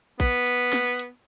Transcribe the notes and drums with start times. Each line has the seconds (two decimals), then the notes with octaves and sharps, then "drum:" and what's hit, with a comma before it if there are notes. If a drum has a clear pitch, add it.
0.20 B3, drum: kick, hi-hat
0.46 drum: hi-hat
0.73 drum: snare
0.99 drum: hi-hat